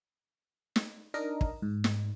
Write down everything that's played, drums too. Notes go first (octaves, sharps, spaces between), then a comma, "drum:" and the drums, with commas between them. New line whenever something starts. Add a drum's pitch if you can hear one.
drum: snare
D4 D#4 A#4 D#5
drum: kick
G#2
drum: snare